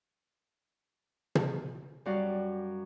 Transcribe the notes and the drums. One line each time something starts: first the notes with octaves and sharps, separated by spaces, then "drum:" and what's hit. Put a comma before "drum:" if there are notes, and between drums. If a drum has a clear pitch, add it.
drum: tom
F#2 G3 F#4 D5 F5